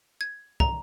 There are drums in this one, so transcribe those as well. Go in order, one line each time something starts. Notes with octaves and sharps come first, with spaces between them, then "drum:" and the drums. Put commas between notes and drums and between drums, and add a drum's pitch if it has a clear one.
G#6
A#5, drum: kick